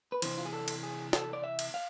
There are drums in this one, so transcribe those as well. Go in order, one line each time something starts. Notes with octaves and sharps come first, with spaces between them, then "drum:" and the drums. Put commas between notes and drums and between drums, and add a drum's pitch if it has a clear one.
B4
C3 E3 C5, drum: cymbal
F4
G#4
A4
drum: cymbal
G#4
A4, drum: snare
D5
E5
drum: cymbal
F5